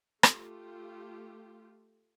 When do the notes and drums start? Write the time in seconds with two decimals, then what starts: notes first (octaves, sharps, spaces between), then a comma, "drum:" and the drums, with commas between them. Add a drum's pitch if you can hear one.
0.23 A3 F4 G4, drum: rim click